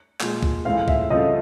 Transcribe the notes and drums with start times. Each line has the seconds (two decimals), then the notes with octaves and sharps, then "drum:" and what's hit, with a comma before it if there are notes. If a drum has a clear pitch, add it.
0.20 A#2 F3 G#3, drum: clap
0.43 drum: kick
0.65 A2 E3 G#3 C4 F4 F5
0.88 E5, drum: kick
1.10 C#3 F3 A3 C4 F4 D#5